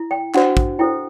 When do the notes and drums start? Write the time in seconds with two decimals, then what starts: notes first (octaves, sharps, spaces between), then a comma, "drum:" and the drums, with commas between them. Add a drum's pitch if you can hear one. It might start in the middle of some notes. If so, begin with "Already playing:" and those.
Already playing: E4
0.11 G5
0.34 D4 F#4 C5 F#5, drum: clap
0.57 drum: kick
0.79 E4 A4 C5 G5